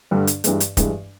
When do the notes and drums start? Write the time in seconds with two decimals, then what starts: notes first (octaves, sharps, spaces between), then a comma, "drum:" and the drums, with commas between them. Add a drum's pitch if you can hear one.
0.11 G2 D3 G3
0.27 drum: hi-hat
0.44 G2 E3 G#3, drum: hi-hat
0.60 drum: hi-hat
0.77 G2 E3 G#3, drum: kick, hi-hat